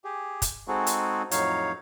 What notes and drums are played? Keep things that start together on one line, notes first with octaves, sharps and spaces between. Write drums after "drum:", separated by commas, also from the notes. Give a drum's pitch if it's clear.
G4 G#4
drum: kick F#1, hi-hat
G#3 C4 D#4 F#4 G#4 A4
drum: hi-hat
F2 A2 F#3 D#4 C#5 F5, drum: hi-hat